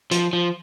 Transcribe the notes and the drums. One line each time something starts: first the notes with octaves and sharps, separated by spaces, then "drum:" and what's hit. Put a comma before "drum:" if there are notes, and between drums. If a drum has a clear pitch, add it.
F3, drum: hi-hat
F3